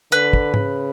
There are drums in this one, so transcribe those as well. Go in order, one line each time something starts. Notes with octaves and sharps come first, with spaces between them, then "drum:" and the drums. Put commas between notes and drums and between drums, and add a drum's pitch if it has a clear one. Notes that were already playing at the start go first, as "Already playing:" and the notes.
D3 B4
drum: kick
C#3, drum: tom G#2